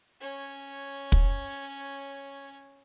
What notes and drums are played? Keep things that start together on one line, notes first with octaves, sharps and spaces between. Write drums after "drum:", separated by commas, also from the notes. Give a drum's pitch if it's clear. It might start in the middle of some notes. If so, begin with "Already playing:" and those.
C#4 C#5
drum: kick